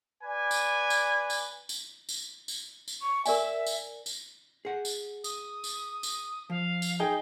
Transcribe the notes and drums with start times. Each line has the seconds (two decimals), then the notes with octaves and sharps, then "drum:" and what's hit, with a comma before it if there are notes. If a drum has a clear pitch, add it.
0.23 B4 D5 G#5
0.51 drum: tambourine
0.90 drum: tambourine
1.30 drum: tambourine
1.69 drum: tambourine
2.09 drum: tambourine
2.48 drum: tambourine
2.88 drum: tambourine
3.02 C#6
3.25 A#4 D5 E5 G#5, drum: tambourine
3.66 drum: tambourine
4.06 drum: tambourine
4.65 G#4 F#5
4.85 drum: tambourine
5.24 D#6, drum: tambourine
5.64 drum: tambourine
6.03 drum: tambourine
6.50 F3 F5
6.82 drum: tambourine
6.99 D#4 G#4 G5 G7